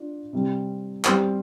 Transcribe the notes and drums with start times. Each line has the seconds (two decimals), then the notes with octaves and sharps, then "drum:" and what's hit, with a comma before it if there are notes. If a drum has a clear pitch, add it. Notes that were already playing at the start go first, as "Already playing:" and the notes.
Already playing: D4 F4
0.33 C3 G3 C4
1.05 G3 C4 G4 C5, drum: clap